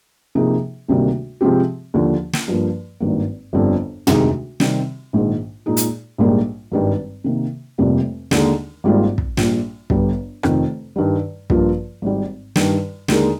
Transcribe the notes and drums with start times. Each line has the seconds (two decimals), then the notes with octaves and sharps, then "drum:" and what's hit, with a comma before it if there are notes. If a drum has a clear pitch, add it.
0.35 C3 F3 A#3 D#4 G#4
0.88 D2 C3 D#3 G3 A#3
1.41 C3 F3 G#3 C4 G4
1.94 D#2 D3 F3
2.33 drum: snare
2.48 G2 F3 A#3
3.00 G#1 G2 D#3 A#3
3.53 G1 F2 D3 G3
4.07 D2 C3 D#3 G#3 D#4, drum: tom
4.60 C3 D#3 G3 C4, drum: snare
5.13 A#1 G#2 D#3
5.66 A#2 G#3 D#4 G#4
5.77 drum: hi-hat
6.18 A#1 G#2 G3 A#3
6.72 G#1 G2 D#3 G3
7.24 C3 D#3 A#3
7.78 F1 F2 C3 G3 A#3
8.31 D#2 D3 G#3 D#4, drum: snare
8.84 G#1 G#2 G3 A#3 F4
9.18 drum: kick
9.37 A#1 A#2 G3, drum: snare
9.90 G1 G2 D3 G3, drum: kick
10.43 F1 F2 D#3, drum: rim click
10.96 G2 D#3 G3
11.50 G2 F3 A#3 F4, drum: kick
12.02 G#1 G#2 G3
12.56 G2 D#3 G3, drum: snare
13.08 D#2 D3 G#3 D#4 A#4, drum: snare